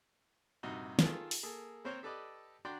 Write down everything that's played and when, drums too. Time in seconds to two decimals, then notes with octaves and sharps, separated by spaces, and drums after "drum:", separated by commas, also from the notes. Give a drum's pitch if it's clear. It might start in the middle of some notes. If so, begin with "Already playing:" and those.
0.63 A#1 G2 C3 D#4 F#4
0.99 D#3 F4 G#4 A4, drum: snare
1.31 drum: open hi-hat
1.43 A#3 G#4 A4
1.85 A#3 C4 A#4 C5 C#5
2.03 G4 A4 B4 D5 D#5
2.65 D4 F#4 D5 G5 A#5 C6